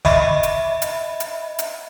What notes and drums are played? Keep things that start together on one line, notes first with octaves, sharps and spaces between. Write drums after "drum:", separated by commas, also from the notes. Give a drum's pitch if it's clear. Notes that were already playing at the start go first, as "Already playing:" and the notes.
D#5 E5 B5, drum: snare
drum: hi-hat
drum: hi-hat
drum: hi-hat
drum: hi-hat